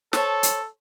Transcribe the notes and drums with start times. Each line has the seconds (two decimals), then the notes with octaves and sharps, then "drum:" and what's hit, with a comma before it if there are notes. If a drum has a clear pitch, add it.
0.13 A4 C5 C#5 A5, drum: snare
0.43 drum: hi-hat